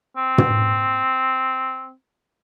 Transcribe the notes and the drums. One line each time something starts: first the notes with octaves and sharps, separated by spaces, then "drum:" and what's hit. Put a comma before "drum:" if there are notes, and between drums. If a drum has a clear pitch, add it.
C4
drum: tom